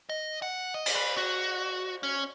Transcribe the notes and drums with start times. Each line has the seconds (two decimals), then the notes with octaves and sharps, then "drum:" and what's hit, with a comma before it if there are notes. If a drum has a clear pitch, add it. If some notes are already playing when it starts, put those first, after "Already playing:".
0.10 D#5
0.42 F#5
0.74 D#5
0.86 drum: cymbal
0.95 B4
1.17 F#4
2.03 C#4